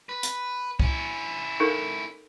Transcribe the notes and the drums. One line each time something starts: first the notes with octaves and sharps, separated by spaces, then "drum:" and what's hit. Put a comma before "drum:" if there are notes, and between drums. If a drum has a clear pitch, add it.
B4
drum: hi-hat
C#4 E4, drum: kick C2
D#4 A4 A#4